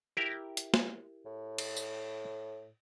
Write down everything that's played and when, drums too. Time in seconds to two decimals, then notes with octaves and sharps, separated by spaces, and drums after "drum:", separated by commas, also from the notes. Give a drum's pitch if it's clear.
0.17 E4 G4 A#4
0.57 drum: hi-hat
0.74 drum: snare
1.25 A2
1.58 drum: cymbal
1.77 drum: tambourine